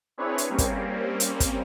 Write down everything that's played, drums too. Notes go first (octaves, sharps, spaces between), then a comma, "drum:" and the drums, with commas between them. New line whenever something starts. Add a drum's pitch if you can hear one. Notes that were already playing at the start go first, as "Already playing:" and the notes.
C4 D4 E4 G#4 B4 C#5
drum: hi-hat
G3 A#3 C4 C#4
drum: kick, hi-hat
drum: hi-hat
drum: kick, hi-hat